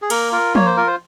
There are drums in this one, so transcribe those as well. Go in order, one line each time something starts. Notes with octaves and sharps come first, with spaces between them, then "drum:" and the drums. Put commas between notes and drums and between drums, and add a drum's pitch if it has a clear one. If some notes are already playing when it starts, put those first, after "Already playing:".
G#4
A#3 A#4, drum: cymbal
F4 A#4
A#3 C#5, drum: tom F3
C5
F4 A#4
C5